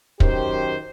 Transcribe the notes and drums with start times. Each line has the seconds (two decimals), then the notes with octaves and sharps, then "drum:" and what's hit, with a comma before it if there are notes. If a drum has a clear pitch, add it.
0.20 F#2 D#3 G4 C5, drum: kick